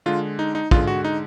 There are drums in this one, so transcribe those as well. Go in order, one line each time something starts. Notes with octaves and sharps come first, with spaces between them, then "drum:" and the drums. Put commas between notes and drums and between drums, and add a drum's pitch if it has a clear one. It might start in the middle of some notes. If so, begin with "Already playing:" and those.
D3 G#3 F4
D#4
D#4
D3 G#3 F4, drum: kick
F#4
D#4